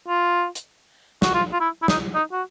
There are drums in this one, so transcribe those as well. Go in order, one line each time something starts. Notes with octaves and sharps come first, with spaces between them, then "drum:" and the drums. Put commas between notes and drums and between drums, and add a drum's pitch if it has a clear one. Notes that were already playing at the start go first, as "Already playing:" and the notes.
F4
drum: hi-hat
F#4, drum: snare
F4
F4
E4
E4
D#4, drum: snare
D#4
F#4